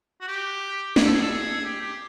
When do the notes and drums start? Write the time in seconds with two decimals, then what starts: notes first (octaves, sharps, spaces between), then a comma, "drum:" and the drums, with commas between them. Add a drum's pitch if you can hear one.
0.21 F#4
0.28 G4
0.96 G#4, drum: snare
1.05 A4
1.14 G#4
1.22 A4
1.31 G#4
1.65 G4
1.82 G4